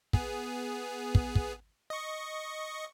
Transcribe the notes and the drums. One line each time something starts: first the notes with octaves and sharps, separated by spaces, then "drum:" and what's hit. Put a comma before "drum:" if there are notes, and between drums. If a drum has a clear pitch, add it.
B3 G#4, drum: kick
drum: kick
drum: kick
D#5 C#6